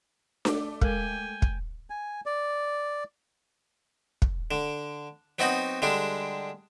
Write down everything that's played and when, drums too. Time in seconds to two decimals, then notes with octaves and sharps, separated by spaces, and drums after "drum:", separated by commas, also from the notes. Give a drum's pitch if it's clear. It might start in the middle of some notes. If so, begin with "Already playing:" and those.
0.45 A3 D6, drum: snare D4
0.81 G#3 A4 A#4 G5 G#5, drum: kick
1.42 drum: kick
1.90 G#5
2.26 D5
4.22 drum: kick
4.51 D3
5.39 F#3 B3 C4 D#4 F#4
5.82 D3 G3 G#3 D4